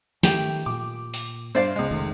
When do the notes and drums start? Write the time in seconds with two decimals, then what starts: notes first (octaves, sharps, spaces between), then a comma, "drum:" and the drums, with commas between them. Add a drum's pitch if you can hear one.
0.23 D#3 A3 C#4 G4 G5, drum: snare
0.66 A#2 D6
1.14 drum: open hi-hat
1.55 G2 C5 D5 F5
1.76 C#2 G#3
1.91 F1 D#3 A3